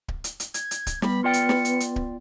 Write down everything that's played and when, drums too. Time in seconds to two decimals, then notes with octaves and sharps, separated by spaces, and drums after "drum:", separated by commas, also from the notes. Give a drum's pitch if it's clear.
0.08 drum: kick D1
0.24 drum: hi-hat
0.40 drum: hi-hat
0.54 G#6, drum: hi-hat
0.71 drum: hi-hat
0.87 drum: kick D1, hi-hat
1.02 G3 B3 B5, drum: snare
1.24 F4 D5 G5 C#7
1.33 drum: hi-hat
1.49 drum: snare
1.65 drum: hi-hat
1.80 drum: hi-hat
1.96 drum: kick D1